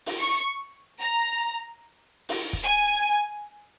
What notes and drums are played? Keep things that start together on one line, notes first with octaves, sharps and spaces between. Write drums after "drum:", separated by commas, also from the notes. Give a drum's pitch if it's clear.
drum: open hi-hat
C#6
A#5
drum: open hi-hat
drum: kick
G#5